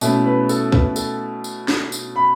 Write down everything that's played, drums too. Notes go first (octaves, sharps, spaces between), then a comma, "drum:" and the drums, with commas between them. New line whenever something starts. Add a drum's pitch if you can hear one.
B2 A3 C#4 E4, drum: tambourine
B4
A4, drum: tambourine
B4, drum: kick
A4, drum: tambourine
drum: tambourine
drum: snare
drum: tambourine
B5